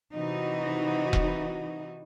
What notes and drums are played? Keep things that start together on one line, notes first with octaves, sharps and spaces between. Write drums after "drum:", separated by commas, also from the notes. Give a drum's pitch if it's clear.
C3 E3 D#4 F#4
drum: kick E1